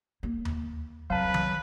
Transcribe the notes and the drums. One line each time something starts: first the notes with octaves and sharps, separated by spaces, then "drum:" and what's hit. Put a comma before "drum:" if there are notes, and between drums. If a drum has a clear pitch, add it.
A#3
drum: tom D#2
C2 F2 F#3 B4 F5 A5
drum: tom D#3